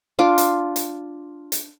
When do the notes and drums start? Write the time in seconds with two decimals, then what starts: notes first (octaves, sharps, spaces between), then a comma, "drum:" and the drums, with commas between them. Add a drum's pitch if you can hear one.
0.19 D4 F4 D6
0.38 drum: hi-hat
0.76 drum: hi-hat
1.52 drum: hi-hat